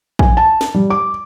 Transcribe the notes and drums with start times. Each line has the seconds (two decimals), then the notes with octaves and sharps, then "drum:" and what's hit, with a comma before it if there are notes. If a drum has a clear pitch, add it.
0.19 G#5, drum: kick
0.37 A5
0.61 drum: snare
0.74 G3
0.90 D6